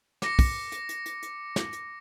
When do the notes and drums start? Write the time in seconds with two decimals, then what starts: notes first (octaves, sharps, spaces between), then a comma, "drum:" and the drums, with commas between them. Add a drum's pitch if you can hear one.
0.22 D6 A#6 C#7, drum: snare
0.39 drum: kick, open hi-hat
0.72 drum: hi-hat
0.89 drum: hi-hat
1.06 drum: hi-hat
1.23 drum: hi-hat
1.56 drum: snare
1.73 drum: hi-hat